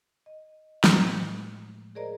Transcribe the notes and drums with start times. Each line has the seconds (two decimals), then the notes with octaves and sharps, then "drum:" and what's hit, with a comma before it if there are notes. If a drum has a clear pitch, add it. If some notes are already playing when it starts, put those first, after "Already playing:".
0.26 D#5
0.84 A2 F3 G#3 A3 C5 C#6, drum: snare
1.95 G#4 A#4 C5 D5 D#5 A#5